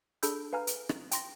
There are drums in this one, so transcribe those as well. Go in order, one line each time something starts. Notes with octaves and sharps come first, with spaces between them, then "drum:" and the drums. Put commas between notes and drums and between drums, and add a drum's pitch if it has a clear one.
D4 G#4 A4 B5 E6 G6, drum: hi-hat
B4 F5 G#5 A#5 F6
drum: hi-hat
drum: rim click
G5 C6 A#6, drum: hi-hat